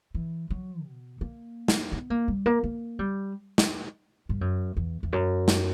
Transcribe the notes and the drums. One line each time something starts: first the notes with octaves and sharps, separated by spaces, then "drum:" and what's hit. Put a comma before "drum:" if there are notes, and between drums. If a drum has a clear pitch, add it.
E3
F#3
B2
A#3
drum: snare
B3
A#3
G3
A#3
A#3
G3
drum: snare
G2
F#2
E2
E2
F#2
drum: snare